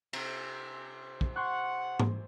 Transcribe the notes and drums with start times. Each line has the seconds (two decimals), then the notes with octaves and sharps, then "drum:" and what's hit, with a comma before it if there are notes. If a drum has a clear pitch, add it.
0.13 C3, drum: cymbal
1.21 drum: kick
1.36 F#5 C6 C#6 F#6
2.00 drum: tom G#2